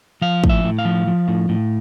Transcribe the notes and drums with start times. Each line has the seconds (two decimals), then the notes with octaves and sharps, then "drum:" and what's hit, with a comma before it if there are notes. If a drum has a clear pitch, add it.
0.22 F3 F5
0.44 A2, drum: kick
0.49 E5
0.64 A2
0.79 F5
0.85 F3
1.07 F3
1.28 A2
1.49 A2